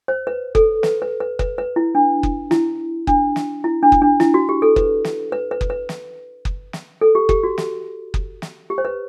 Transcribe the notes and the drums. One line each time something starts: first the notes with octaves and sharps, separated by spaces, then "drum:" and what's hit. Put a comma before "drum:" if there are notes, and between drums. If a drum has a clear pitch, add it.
C5
B4
A4, drum: kick F#1
B4, drum: snare
B4
B4
B4, drum: kick F#1
B4
E4
D4
drum: kick F#1
E4, drum: snare
D4, drum: kick F#1
drum: snare
E4
D4
drum: kick F#1
D4
E4, drum: snare
F#4
G4
A4
B4, drum: kick F#1
drum: snare
B4
B4
drum: kick F#1
B4
drum: snare
drum: kick F#1
drum: snare
A4
G4
G4, drum: kick F#1
F#4
drum: snare
drum: kick F#1
drum: snare
G4
C5
B4